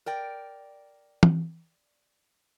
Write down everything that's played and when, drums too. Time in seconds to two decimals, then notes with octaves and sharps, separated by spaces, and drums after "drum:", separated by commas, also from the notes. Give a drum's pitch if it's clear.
0.06 A#4 D5 G5
1.23 drum: tom